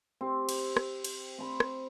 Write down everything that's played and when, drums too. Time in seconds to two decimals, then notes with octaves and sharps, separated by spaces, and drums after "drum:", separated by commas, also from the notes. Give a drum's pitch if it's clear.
0.21 C4 G4
0.49 drum: cymbal
0.77 drum: rim click
1.04 drum: cymbal
1.38 C4 B5
1.60 drum: rim click